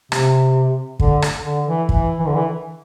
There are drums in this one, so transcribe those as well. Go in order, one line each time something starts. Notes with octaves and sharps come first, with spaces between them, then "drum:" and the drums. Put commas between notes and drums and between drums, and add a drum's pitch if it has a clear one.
C3, drum: rim click
D3, drum: kick
drum: rim click
D3
E3
E3, drum: kick
E3
D3
E3